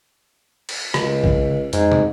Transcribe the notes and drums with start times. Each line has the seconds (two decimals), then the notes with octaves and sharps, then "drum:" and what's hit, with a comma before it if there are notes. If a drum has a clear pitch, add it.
0.69 drum: cymbal
0.94 C#2 C#3, drum: rim click
1.24 drum: kick A#1
1.73 F2 G#2, drum: hi-hat
1.92 drum: tom